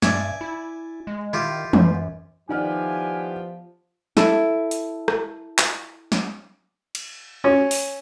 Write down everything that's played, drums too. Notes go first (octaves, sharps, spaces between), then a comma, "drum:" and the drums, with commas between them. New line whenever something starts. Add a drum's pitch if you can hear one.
G2 D5 E5 G#5, drum: snare
E4
G#3
D#3 E4 F4 G4
F#2, drum: tom E3
D#3 F3 B3 E4 G4 D5 G#5 F6
E4 A4, drum: snare
drum: hi-hat
drum: rim click
drum: clap
drum: snare
drum: cymbal
C#4
drum: open hi-hat